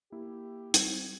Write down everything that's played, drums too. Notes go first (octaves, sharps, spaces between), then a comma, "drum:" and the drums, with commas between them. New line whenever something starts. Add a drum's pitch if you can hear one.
A#3 E4 G4
G3 C4 G6 G#6, drum: hi-hat